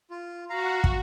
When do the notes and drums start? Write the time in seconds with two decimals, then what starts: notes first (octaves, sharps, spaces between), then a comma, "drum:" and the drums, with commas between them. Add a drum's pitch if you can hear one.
0.10 F4
0.50 F#4 F5 A#5
0.84 drum: kick